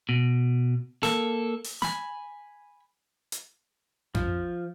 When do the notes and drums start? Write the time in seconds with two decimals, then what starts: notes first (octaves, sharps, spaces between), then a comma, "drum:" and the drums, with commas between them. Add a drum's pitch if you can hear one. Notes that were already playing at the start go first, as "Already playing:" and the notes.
0.09 B2
1.03 A#3 A4, drum: snare
1.64 drum: open hi-hat
1.82 G#5 B5, drum: snare
3.32 drum: hi-hat
4.15 F3, drum: tom F2